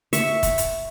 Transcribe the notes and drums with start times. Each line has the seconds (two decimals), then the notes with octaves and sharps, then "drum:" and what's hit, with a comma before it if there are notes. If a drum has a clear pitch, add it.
0.13 E5 C#6, drum: hi-hat
0.43 drum: kick, hi-hat
0.58 drum: hi-hat